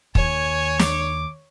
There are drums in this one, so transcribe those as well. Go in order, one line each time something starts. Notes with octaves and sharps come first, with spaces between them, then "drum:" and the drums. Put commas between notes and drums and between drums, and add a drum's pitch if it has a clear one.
D#2 C#5 G#5, drum: kick
D6, drum: snare